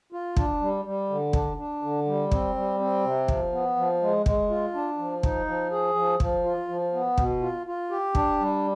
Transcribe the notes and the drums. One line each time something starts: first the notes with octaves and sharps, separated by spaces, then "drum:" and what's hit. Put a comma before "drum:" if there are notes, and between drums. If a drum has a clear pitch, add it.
F4
D4, drum: kick
G3
G3
D3
D4, drum: kick
D4
D3
G3
C4, drum: kick
G3
C4
C3
F3, drum: kick
B3
F3
G#3
G#3, drum: kick
F4
D4
F3
D#4, drum: kick
F3
G#4
F3
F3, drum: kick
F4
F3
B3
B2, drum: kick
F4
F4
G4
D4, drum: kick
G3